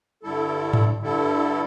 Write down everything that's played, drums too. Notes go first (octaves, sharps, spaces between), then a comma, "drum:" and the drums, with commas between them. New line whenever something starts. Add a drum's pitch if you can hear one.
G2 D3 G3 E4 A4
drum: tom G#2
G2 D3 G3 E4 A4